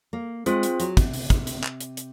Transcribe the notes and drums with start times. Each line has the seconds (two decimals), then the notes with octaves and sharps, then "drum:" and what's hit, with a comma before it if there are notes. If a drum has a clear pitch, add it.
0.13 A#3
0.46 G#3 C4 F4 G#4 C5, drum: hi-hat
0.63 drum: hi-hat
0.80 F#3, drum: hi-hat
0.97 C3, drum: kick, hi-hat
1.13 drum: open hi-hat
1.30 drum: kick, hi-hat
1.47 drum: hi-hat
1.64 drum: clap
1.81 drum: hi-hat
1.97 drum: hi-hat